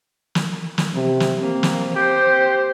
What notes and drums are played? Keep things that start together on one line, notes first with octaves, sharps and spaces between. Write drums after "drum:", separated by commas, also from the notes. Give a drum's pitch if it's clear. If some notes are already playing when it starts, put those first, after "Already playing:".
drum: snare
drum: snare
C3
drum: snare
A#3 C4
drum: snare
G4 C5